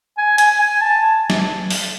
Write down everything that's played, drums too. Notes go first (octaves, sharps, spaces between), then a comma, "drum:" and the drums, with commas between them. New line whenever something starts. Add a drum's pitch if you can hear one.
G#5
G#5, drum: hi-hat
G#5
A5
drum: snare
drum: open hi-hat